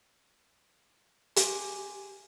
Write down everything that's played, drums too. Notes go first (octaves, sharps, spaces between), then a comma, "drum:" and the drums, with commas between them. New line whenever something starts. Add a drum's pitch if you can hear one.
G4 G#5, drum: hi-hat